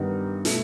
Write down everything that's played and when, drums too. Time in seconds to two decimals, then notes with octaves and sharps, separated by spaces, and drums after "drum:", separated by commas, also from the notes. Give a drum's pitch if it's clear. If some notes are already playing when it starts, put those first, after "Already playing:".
Already playing: G2 D#3 G3 B3 D#4
0.45 B2 A3 E4, drum: hi-hat